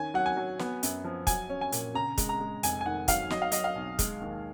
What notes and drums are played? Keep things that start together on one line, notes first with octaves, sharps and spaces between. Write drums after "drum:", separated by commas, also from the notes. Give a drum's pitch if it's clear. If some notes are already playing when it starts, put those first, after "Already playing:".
Already playing: D#3 C#4 G#5
F#3 F#5
G#5
F#3
B3, drum: snare
F#2, drum: hi-hat
F3
F#3 G#5, drum: kick, hi-hat
C#4
G#5
A#2, drum: hi-hat
C#3 A#5
G#3, drum: kick, hi-hat
A#5
G#3
F1 G#5, drum: hi-hat
G#5
D#3 F#5
F#3 F5, drum: kick, hi-hat
F#3 D#5, drum: snare
F5
F#3 D#5, drum: hi-hat
F5
B1
G#3, drum: kick, hi-hat
D#2